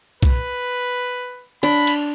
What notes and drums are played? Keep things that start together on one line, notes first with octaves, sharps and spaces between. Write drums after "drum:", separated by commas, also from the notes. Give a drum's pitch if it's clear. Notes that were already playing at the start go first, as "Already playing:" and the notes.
B4, drum: kick B1
D4 B5
drum: cymbal